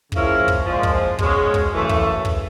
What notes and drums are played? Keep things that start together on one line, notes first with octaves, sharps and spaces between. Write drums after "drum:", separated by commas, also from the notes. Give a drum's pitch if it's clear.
C#3 F3 A#3 C#4 E4, drum: kick
drum: kick
A#2 F3 G#3
drum: kick
B2 G#3 C#4, drum: kick
drum: kick
F#2 C#3 E3 A3
drum: kick
drum: kick